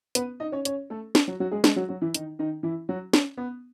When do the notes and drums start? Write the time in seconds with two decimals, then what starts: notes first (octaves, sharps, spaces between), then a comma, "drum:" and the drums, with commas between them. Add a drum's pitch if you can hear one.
0.15 B3 B4, drum: hi-hat
0.40 D#4 D#5
0.52 C#4 C#5
0.65 C#4 C#5, drum: hi-hat
0.90 A3 A4
1.15 drum: snare
1.28 F#3 F#4
1.40 F#3 F#4
1.51 G#3 G#4
1.64 G#3 G#4, drum: snare
1.76 F#3 F#4
1.89 F#3 F#4
2.02 E3 E4
2.14 D#3 D#4, drum: hi-hat
2.39 D#3 D#4
2.63 E3 E4
2.89 F#3 F#4
3.13 C#4, drum: snare
3.37 B3